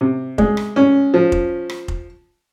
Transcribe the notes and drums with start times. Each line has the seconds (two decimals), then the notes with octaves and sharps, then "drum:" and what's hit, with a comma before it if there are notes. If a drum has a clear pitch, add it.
0.01 C3
0.38 G#3, drum: kick F1
0.57 drum: rim click
0.76 C#4
1.14 F3
1.32 drum: kick F1
1.70 drum: rim click
1.88 drum: kick F1